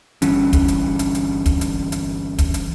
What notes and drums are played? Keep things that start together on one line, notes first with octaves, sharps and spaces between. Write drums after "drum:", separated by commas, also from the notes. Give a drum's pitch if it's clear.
G1 G2 E3 C#4, drum: hi-hat
drum: kick, hi-hat
drum: hi-hat
drum: hi-hat
drum: hi-hat
drum: kick, hi-hat
drum: hi-hat
drum: hi-hat
drum: kick, hi-hat
drum: hi-hat